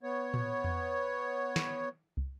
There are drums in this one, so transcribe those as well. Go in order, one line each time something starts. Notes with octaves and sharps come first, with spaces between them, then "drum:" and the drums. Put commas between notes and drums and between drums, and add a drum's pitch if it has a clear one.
B3 C#5
drum: tom A2
drum: tom E2
drum: snare
drum: kick